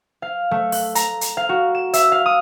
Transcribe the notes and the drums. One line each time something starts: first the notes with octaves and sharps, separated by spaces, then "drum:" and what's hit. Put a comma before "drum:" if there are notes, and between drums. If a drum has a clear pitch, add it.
F5
A3
F#6, drum: open hi-hat
A#5, drum: hi-hat
drum: hi-hat
F5
F#4
E7
E5, drum: hi-hat
F5
D#6